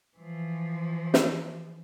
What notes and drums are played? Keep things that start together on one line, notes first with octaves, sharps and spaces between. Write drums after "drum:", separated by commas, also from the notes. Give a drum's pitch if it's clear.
E3 F3
drum: snare